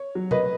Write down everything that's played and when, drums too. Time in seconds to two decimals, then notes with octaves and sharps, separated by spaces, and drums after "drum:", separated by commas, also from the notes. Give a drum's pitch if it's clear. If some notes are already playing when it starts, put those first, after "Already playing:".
Already playing: C#5
0.15 F#3
0.31 B4 D#5, drum: tom B2